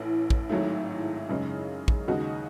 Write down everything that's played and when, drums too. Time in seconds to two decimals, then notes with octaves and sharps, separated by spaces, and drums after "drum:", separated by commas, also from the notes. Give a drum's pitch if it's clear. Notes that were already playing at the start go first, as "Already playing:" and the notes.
Already playing: A1 A2 E3
0.30 drum: kick
0.50 G#1 G#2 F#3 A3 E4
1.29 F#2 C#3 G#3
1.88 drum: kick
2.08 D#2 C#3 G#3 D#4 F#4